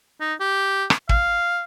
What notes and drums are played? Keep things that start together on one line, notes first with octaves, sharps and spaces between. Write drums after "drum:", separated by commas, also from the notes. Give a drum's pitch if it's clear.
D#4
G4
drum: rim click
F5, drum: kick